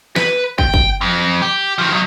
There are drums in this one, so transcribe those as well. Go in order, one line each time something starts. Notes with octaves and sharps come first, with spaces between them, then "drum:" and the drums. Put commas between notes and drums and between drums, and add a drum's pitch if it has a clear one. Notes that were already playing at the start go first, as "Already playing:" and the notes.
B4, drum: snare
G5, drum: kick
drum: kick
F2
G4
D#3 F3
B2 F#3